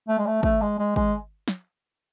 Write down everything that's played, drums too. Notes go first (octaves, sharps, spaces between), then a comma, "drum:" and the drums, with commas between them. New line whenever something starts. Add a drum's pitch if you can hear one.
A3
G#3
A3
A3, drum: kick
G#3
G#3
G#3, drum: kick
drum: snare